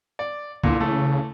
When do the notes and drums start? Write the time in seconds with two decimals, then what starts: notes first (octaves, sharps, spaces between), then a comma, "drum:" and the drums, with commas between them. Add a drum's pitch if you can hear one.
0.19 D5
0.64 A#2 D3 E3, drum: kick C2
0.80 C#3 E3 A3